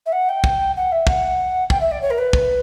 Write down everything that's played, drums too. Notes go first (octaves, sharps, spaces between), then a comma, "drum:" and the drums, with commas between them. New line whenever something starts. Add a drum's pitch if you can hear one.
E5
F#5
G5
drum: kick
F#5
E5
F#5, drum: kick
G5, drum: kick
E5
D5
C#5
A#4
B4
drum: kick